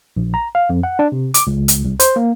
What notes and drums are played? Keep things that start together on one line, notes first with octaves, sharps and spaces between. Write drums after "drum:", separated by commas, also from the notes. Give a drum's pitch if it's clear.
A#1
A#5
F5
F2
F#5
D4
C3
D6, drum: hi-hat
C#2
drum: hi-hat
C2
C5, drum: hi-hat
A#3